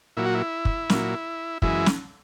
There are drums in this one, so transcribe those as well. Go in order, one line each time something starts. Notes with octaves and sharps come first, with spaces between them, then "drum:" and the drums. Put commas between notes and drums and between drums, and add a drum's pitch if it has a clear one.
A#2 F#3 E4
F#4
E4
drum: kick
A#2 F#3, drum: snare
F#2 E3 G#3 E4, drum: kick
drum: snare